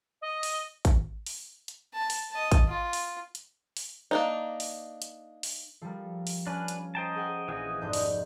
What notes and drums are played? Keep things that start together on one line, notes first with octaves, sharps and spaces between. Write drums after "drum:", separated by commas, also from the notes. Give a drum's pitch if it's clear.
D#5
drum: open hi-hat
drum: kick, hi-hat
drum: open hi-hat
drum: hi-hat
A5
drum: open hi-hat
D#5 A5
drum: kick, hi-hat
F4
drum: open hi-hat
drum: hi-hat
drum: open hi-hat
A#3 D4 D#4
drum: open hi-hat
drum: hi-hat
drum: open hi-hat
F3 G3 A4 A#4
drum: open hi-hat
C#4 D4 B4
drum: hi-hat
C5 D#5 G5 A5 A#5
G#4 F#5 G#5
A#1 E3 G#4 D#5 G5
F1 G#2 F3 D4 D#4 G6
drum: open hi-hat